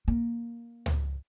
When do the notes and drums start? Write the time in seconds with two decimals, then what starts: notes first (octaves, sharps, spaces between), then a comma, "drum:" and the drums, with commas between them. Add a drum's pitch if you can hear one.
0.08 A#3
0.86 drum: tom C#2